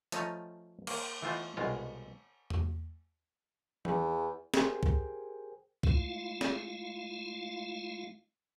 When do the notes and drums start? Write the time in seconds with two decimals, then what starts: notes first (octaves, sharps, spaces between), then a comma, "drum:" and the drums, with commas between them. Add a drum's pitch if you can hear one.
0.12 F3 A3 C#4 D#5 A#5, drum: hi-hat
0.87 A#3, drum: cymbal
1.22 E3 A3 B3 F4 C5 D#5
1.57 C2 B2 G#3 F4 C#5
2.50 drum: tom E2
3.85 E2, drum: tom E3
4.54 G4 G#4 A#4 C5 G5 G#5, drum: snare
4.83 drum: kick
5.83 G#3 A3 E4 F4 F5, drum: kick
6.41 drum: snare